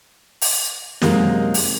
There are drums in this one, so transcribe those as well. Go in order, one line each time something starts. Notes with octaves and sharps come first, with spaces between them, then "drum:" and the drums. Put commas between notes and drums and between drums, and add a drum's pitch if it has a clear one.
drum: open hi-hat
F#2 C3 G#3 A#3 B3 D#4, drum: snare
drum: open hi-hat